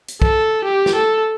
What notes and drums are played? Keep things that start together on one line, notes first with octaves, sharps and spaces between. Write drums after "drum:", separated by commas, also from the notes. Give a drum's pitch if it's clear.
drum: hi-hat
A4, drum: kick
G4
drum: snare
A4